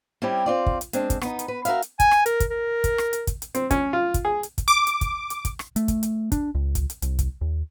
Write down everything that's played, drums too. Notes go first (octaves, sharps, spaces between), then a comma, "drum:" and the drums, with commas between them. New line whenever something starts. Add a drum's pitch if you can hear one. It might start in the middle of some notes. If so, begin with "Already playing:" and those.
G3 C4 C#4 E4 G4
C4 F4 D5
drum: kick
drum: hi-hat
G#3 C4 D4, drum: hi-hat
drum: kick, hi-hat
B3 D#4, drum: rim click
drum: hi-hat
B4
F#4 A#4 B4 E5 F5, drum: hi-hat
drum: hi-hat
G#5, drum: kick, hi-hat
drum: rim click
A#4, drum: hi-hat
drum: kick, hi-hat
A#4
drum: kick, hi-hat
drum: rim click
drum: hi-hat
drum: kick, hi-hat
drum: hi-hat
C4, drum: hi-hat
C#4, drum: kick, hi-hat
F4
drum: kick, hi-hat
G#4
drum: hi-hat
drum: kick, hi-hat
D6
drum: hi-hat
drum: kick, hi-hat
drum: hi-hat
drum: kick, hi-hat
drum: rim click
A3, drum: hi-hat
drum: kick, hi-hat
drum: hi-hat
D4, drum: kick, hi-hat
C#2
drum: kick, hi-hat
drum: hi-hat
C2, drum: hi-hat
drum: kick, hi-hat
D#2